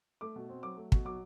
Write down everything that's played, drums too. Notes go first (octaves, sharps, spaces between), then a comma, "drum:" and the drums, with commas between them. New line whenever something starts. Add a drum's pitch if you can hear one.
A3 D6
B2
C4
F#3 D6
A3
B2, drum: kick
F#3 D6